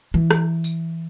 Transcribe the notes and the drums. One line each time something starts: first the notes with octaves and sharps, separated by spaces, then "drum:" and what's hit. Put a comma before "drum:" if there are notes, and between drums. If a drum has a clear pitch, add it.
E3
drum: rim click
drum: tambourine